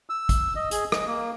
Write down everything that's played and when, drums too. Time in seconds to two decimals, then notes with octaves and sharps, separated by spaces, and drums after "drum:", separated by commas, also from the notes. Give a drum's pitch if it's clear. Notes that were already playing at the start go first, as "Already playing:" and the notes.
0.10 E6
0.29 drum: kick, hi-hat
0.56 D#5
0.71 G#4, drum: hi-hat
0.92 D#5, drum: rim click
1.07 A#3